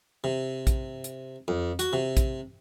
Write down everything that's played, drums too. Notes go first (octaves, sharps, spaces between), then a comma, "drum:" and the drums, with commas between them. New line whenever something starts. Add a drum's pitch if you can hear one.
C3
drum: kick A#1, hi-hat
drum: hi-hat
F2
F#4, drum: hi-hat
C3
drum: kick A#1, hi-hat